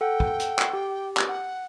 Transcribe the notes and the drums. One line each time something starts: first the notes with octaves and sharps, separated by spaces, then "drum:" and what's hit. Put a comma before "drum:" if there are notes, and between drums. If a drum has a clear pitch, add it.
A4 F#5 G5
drum: kick
drum: hi-hat
drum: clap
G4
drum: clap
F#5